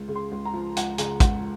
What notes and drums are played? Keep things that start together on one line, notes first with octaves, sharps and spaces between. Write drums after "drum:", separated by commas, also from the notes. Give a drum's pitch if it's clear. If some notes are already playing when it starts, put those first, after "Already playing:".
Already playing: C#2
C#3
C6
C#2
A#5
F3
C#2 F#5, drum: hi-hat
C#3, drum: hi-hat
C#2 F#5, drum: kick, hi-hat